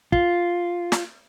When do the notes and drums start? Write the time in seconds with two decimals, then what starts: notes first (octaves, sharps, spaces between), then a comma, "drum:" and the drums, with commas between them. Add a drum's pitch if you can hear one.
0.12 F4, drum: kick
0.92 drum: snare